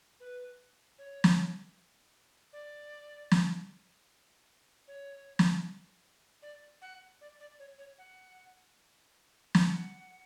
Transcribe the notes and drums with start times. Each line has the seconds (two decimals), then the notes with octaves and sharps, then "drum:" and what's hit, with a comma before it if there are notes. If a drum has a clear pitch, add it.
0.20 B4
0.99 C#5
1.24 drum: snare
2.53 D5
3.31 drum: snare
4.88 C#5
5.39 drum: snare
6.42 D5
6.82 F#5
7.21 D5
7.40 D5
7.59 C#5
7.79 C#5
7.98 F#5
9.55 F#5, drum: snare